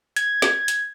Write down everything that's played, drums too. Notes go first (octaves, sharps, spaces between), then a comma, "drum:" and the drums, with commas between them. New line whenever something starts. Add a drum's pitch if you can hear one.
G#6, drum: hi-hat
drum: snare
drum: hi-hat